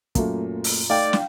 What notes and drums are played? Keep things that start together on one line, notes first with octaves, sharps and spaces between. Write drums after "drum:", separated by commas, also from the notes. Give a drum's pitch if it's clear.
F#2 A#2 A3 A#3, drum: kick, hi-hat
drum: open hi-hat
A3 D#4 D5 F5 G5
drum: snare